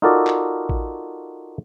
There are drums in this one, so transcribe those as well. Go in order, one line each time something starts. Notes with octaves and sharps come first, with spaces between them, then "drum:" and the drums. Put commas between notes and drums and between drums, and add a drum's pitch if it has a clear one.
D#4 F4 F#4 A4 A#4 D5
drum: clap
drum: kick A1